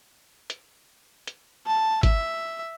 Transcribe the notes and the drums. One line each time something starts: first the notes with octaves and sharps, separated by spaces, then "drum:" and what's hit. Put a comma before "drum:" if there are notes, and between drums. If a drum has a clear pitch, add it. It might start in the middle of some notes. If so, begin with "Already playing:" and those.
drum: hi-hat
drum: hi-hat
A5
E5, drum: kick, hi-hat